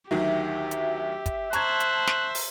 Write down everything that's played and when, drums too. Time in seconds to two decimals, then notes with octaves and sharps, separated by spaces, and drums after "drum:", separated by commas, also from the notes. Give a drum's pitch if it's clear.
0.11 D2 D#3 F#3 G4 E5
0.71 drum: hi-hat
1.26 drum: kick, hi-hat
1.53 C5 E5 A5 A#5 C#6 F#6 G#6, drum: hi-hat
1.80 drum: hi-hat
2.07 drum: snare
2.35 drum: open hi-hat